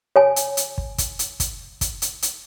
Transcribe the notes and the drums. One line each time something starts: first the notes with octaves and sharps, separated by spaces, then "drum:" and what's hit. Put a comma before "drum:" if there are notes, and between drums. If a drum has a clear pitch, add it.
C#5 G#5
drum: hi-hat
drum: hi-hat
drum: kick
drum: kick, hi-hat
drum: hi-hat
drum: kick, hi-hat
drum: kick, hi-hat
drum: hi-hat
drum: hi-hat